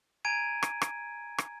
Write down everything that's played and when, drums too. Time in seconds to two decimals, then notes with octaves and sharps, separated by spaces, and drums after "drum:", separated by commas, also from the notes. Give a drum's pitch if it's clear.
0.25 G#5 A#5 G#6 D7 D#7
0.63 drum: rim click
0.82 drum: rim click
1.38 drum: rim click